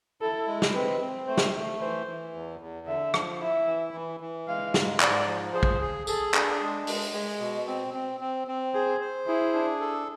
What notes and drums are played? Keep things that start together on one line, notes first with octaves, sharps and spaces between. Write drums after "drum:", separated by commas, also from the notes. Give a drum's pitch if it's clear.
E4 A4
G#3
drum: snare
C4 B4
C4
A3 C5
drum: snare
A3
E3 C5
E3
E2
E2
D3 E5
F3, drum: rim click
E4 E5
E3
E3
E3
G#3 F5
G#2, drum: snare
G#2 D5, drum: clap
F3
G#4 C5
drum: kick
G#4
G#4 A4, drum: tambourine
D4, drum: clap
G#3
G#3, drum: open hi-hat
G#3 G#4
B2
C4
C4
C4
C4
G#4 C5
C5
E4 G#4
D4
A4